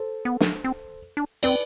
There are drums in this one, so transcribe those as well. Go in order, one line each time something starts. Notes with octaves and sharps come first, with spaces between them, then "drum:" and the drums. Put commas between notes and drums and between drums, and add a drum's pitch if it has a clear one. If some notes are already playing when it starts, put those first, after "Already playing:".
Already playing: A4 C5
B3
drum: snare
C4
D4
C4 B4 D5, drum: cymbal